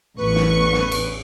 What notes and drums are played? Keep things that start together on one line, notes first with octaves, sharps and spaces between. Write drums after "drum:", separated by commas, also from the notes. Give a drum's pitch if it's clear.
A1 E2 B4 C#6
drum: snare
drum: snare
drum: cymbal